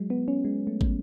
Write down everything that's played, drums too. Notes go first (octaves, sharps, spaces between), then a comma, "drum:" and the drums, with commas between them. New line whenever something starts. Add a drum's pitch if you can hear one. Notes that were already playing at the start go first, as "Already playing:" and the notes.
Already playing: F#3 G#3
B3
C#4
G#3
A3
drum: kick